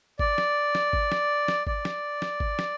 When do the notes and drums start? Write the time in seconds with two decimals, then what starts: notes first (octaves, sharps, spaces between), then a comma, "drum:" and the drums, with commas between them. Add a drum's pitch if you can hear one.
0.19 D5, drum: kick G#1
0.38 drum: snare
0.75 drum: snare
0.93 drum: kick G#1
1.12 drum: snare
1.48 drum: snare
1.67 D5, drum: kick G#1
1.85 drum: snare
2.22 drum: snare
2.40 drum: kick G#1
2.59 drum: snare